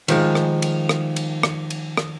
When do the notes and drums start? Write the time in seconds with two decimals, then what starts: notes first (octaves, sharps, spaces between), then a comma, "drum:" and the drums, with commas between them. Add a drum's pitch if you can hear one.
0.08 D#3 F3 G#3, drum: cymbal
0.35 drum: rim click
0.62 drum: cymbal
0.89 drum: rim click
1.16 drum: cymbal
1.43 drum: rim click
1.70 drum: cymbal
1.97 drum: rim click